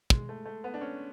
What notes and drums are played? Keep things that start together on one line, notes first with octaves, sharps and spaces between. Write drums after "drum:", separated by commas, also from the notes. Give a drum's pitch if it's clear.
G#3, drum: kick
A3
A3
B3
D4
C#4